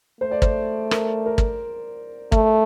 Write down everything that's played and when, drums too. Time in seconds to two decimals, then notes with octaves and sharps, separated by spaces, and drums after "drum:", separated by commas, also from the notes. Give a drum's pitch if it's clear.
0.21 A3 C5
0.31 D5
0.42 C5, drum: kick
0.91 A#4, drum: rim click
1.26 A#4
1.38 drum: kick
2.32 A3, drum: kick